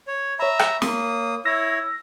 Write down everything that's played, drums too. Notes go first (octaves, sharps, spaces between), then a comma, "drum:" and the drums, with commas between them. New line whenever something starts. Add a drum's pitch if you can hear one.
C#5
C#5 E5 A#5 B5
drum: rim click
A#3 D#6, drum: snare
E4 C#5 E6 A#6